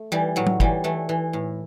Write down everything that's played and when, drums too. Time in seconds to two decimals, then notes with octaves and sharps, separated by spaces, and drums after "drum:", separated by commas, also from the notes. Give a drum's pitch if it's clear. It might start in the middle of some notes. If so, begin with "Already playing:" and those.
Already playing: A3
0.12 E3 G3
0.36 A2 F#3
0.47 drum: tom
0.60 E3 G3, drum: kick
0.84 E3 A3
1.09 E3
1.33 A2